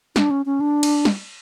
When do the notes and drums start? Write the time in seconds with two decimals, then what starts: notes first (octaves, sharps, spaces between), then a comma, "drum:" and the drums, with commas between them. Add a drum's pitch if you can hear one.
0.16 D4, drum: snare
0.31 C#4
0.46 C#4
0.60 D4
0.83 drum: cymbal
1.05 drum: snare